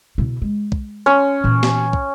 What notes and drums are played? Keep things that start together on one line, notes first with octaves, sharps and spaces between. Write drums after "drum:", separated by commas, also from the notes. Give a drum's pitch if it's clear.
B2 E4
G#3
drum: kick
C#4
A#2 E3
drum: snare
drum: kick